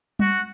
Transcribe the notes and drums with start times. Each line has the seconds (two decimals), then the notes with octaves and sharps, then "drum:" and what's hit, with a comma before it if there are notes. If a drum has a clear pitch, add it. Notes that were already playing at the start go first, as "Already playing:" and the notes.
0.19 F#4, drum: tom G3